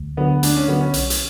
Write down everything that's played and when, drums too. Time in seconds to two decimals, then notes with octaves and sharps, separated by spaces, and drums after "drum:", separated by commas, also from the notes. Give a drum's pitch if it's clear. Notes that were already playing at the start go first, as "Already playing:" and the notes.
Already playing: D2
0.17 D3 F#3 B3
0.43 D2 D4, drum: hi-hat
0.56 C#4
0.68 D3 F#3 B3
0.81 C#4
0.94 B1, drum: hi-hat
1.10 drum: hi-hat